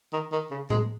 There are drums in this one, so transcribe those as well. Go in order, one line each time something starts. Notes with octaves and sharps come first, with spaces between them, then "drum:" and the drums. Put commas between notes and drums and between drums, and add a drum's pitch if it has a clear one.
D#3
D#3
C#3
G#3, drum: tom A2